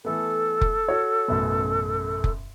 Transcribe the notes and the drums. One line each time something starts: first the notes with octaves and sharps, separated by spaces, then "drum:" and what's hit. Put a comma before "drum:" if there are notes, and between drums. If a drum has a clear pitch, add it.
E3 A3 B3 A4
drum: kick F1
F#4 C#5
A1 F#2 B2
drum: kick F1